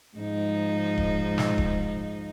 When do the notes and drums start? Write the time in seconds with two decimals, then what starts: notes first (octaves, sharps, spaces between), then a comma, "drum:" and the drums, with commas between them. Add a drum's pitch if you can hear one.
0.17 G#2 F3 D#4
0.97 drum: kick D1
1.38 drum: snare
1.58 drum: kick D1